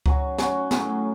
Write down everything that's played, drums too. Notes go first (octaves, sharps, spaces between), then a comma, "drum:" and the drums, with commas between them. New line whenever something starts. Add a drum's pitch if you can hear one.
F#3 C#4 F#4, drum: kick C#2
F#3 C#4 F#4, drum: snare
A2 F#3 C#4, drum: snare